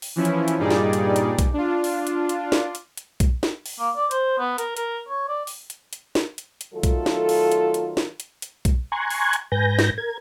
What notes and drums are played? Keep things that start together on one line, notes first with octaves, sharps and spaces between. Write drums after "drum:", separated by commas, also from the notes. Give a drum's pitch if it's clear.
drum: open hi-hat
E3 F3 C#4 E4
drum: hi-hat
drum: hi-hat
G2 A#2 G3 D#4 G#4 D5
drum: snare
drum: hi-hat
drum: hi-hat
drum: kick B1, hi-hat
D4 F4
drum: open hi-hat
drum: hi-hat
drum: hi-hat
drum: snare
drum: hi-hat
drum: hi-hat
drum: kick B1, hi-hat
drum: snare
drum: open hi-hat
A#3
D5
C5, drum: hi-hat
B3
A#4, drum: hi-hat
A#4, drum: hi-hat
C#5
D5
drum: open hi-hat
drum: hi-hat
drum: hi-hat
drum: snare
drum: hi-hat
drum: hi-hat
D#3 F#3 A3 F4 A4
drum: kick B1, hi-hat
drum: snare
drum: open hi-hat
drum: hi-hat
drum: hi-hat
drum: snare
drum: hi-hat
drum: hi-hat
drum: kick B1, hi-hat
G#5 A#5 C6 C#6 F#6 G#6
drum: open hi-hat
drum: hi-hat
G#2 B4 G#5 G6 A#6
drum: snare
A#4 G#6